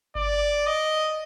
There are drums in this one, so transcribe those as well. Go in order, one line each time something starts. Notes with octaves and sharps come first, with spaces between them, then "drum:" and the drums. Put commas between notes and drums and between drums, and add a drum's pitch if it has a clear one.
D5, drum: kick G1
D#5